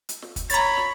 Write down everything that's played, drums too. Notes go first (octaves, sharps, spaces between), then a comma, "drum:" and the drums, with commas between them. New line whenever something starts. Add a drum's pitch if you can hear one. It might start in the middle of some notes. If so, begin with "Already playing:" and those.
drum: hi-hat
drum: snare
drum: kick, hi-hat
C#5 A#5 B5 A6, drum: hi-hat
drum: snare